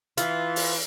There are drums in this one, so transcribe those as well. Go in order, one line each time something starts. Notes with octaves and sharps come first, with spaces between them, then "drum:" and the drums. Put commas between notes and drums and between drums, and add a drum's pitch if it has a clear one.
E3 F4, drum: hi-hat
drum: open hi-hat